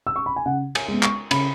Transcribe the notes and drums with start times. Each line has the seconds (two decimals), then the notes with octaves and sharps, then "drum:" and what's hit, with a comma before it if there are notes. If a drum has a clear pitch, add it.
0.07 E6
0.16 C#6
0.26 B5
0.36 G#5
0.46 C#3 F#5
0.75 G#5, drum: cymbal
0.88 G#3
0.93 B3
1.03 C#6, drum: clap
1.31 C#3 B5, drum: cymbal